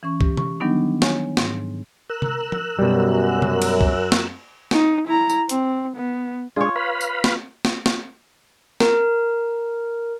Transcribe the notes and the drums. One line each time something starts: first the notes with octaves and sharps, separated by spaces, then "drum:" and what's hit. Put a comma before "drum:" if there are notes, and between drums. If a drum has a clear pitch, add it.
E3 C#4 C#6
G4, drum: kick
C#6, drum: tom C3
D#3 F#3 G3 B3 D4 D#4
C#5 G#5, drum: snare
G#2, drum: snare
A#4 E6 F#6
drum: tom C3
drum: tom
F#2 B2 G3
drum: tom C3
drum: cymbal
drum: kick
drum: snare
D#4, drum: snare
E4 A#5
drum: tambourine
C4, drum: hi-hat
B3
G#3 D4 F4 G#4 C#5
B4 F5 B5
drum: tambourine
drum: snare
drum: snare
drum: snare
A#4, drum: snare